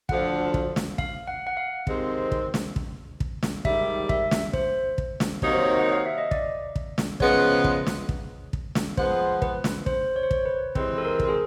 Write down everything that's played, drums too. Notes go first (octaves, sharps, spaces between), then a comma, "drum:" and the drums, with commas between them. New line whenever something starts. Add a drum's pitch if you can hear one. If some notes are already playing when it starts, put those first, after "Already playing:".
D2 D3 F3 F#5, drum: kick
drum: kick
drum: snare
F5, drum: kick
F#5
F#5
F5
C3 D#3 G#3 C4, drum: kick
drum: kick
drum: snare
drum: kick
drum: kick
drum: snare
G#2 D#3 G3 E5, drum: kick
E5, drum: kick
drum: snare
C5, drum: kick
drum: kick
drum: snare
C3 D#3 F#3 A#3 D#4 C#5, drum: kick
C5
C#5
F#5
F5
E5
D#5
D5, drum: kick
drum: kick
drum: snare
C#3 F3 G#3 B3 C#5, drum: kick
drum: kick
drum: snare
drum: kick
drum: kick
drum: snare
F3 G#3 B3 C5, drum: kick
B4, drum: kick
drum: snare
C5, drum: kick
C#5
C5
C#5, drum: kick
B4
C3 E3 G#3 C4 B4, drum: kick
A4
A#4
drum: kick
G#4